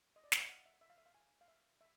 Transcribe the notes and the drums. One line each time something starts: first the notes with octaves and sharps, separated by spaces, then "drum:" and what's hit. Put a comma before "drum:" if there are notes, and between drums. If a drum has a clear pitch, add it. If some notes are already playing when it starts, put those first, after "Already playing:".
D#5
D5
D#5, drum: snare
F5
F#5
E5
E5
F5
E5
F5
G#5
F5
E5
E5